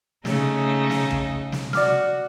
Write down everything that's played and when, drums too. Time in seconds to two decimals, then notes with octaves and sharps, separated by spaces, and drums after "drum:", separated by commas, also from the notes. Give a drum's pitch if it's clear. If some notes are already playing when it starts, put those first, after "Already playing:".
0.25 C#3 A3 D#4, drum: snare
0.90 drum: snare
1.11 drum: kick
1.52 drum: snare
1.73 F#4 D5 D6 F6, drum: snare